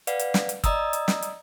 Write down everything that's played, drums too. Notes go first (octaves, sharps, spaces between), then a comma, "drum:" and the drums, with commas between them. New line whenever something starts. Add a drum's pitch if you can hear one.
B4 D5 F5 F#5, drum: hi-hat
drum: hi-hat
drum: snare
drum: hi-hat
D5 D#5 A#5 D#6 E6, drum: kick, hi-hat
drum: hi-hat
drum: snare
drum: hi-hat